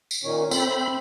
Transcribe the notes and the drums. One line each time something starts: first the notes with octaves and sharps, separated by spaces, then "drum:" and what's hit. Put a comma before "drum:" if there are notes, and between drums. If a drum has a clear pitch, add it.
drum: tambourine
A#2 D#3 C#4
C4 F4 A4 B5, drum: tambourine
C5 E5